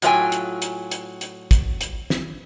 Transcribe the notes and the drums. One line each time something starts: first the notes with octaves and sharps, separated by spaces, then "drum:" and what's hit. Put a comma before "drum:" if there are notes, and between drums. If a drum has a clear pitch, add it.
A2 F#3 F4 D5 G5 G#5, drum: hi-hat
drum: hi-hat
drum: hi-hat
drum: hi-hat
drum: hi-hat
drum: kick, hi-hat
drum: hi-hat
drum: snare